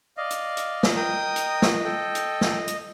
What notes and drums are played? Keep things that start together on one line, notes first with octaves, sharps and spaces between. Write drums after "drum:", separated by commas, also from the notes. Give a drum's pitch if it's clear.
D5 D#5 F5
drum: hi-hat
drum: hi-hat
drum: snare
A#4 G5 D#6
drum: hi-hat
drum: snare
A4 G5
drum: hi-hat
drum: snare
drum: hi-hat